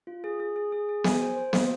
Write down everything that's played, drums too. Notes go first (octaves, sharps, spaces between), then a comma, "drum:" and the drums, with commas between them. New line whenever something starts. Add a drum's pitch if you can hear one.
F4
G#4
G#4
G#4
G#4
G#4
G#5, drum: snare B3
C5
C5
A#3, drum: snare B3